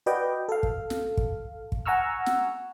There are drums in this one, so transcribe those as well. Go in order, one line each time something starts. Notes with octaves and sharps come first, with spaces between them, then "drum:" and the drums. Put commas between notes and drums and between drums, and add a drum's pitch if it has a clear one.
F#4 B4 D5 D#5 G5
A4 F5
drum: kick
drum: snare
drum: kick
drum: kick
F#5 G#5 A#5 C#6 E6 F6
drum: snare